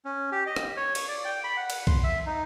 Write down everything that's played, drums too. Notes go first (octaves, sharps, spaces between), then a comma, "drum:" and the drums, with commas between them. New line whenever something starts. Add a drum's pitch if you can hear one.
C#4
G4
D#5
drum: rim click
C#5
C#6, drum: cymbal
D5
G5
B5
F#5
drum: cymbal
C6, drum: kick B1
E5
D#4